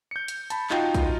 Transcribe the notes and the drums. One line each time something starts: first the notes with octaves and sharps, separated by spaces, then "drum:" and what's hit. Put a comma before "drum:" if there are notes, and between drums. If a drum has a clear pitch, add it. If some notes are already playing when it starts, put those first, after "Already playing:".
G6 C#7
drum: hi-hat
A5 B5, drum: hi-hat
D#4 F4 F#4 D#5 F5 G5, drum: clap
drum: kick B1, hi-hat